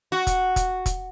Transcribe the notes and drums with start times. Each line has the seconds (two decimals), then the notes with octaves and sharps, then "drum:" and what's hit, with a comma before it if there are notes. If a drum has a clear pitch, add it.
0.12 F#4
0.27 drum: kick, hi-hat
0.56 drum: kick, hi-hat
0.86 drum: kick, hi-hat